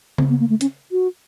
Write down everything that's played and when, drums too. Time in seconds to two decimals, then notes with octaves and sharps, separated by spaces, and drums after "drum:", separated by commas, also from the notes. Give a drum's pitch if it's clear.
0.18 C4, drum: tom C#3
0.29 B3
0.40 A#3
0.49 A3
0.61 C#4, drum: hi-hat
0.92 F#4